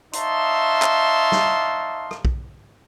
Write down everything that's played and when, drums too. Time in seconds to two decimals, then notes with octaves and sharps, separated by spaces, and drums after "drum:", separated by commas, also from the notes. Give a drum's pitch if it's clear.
0.13 D#4 C#5 E5 F5 A5 C6, drum: hi-hat
0.82 drum: clap
1.32 drum: snare
2.11 drum: rim click
2.25 drum: kick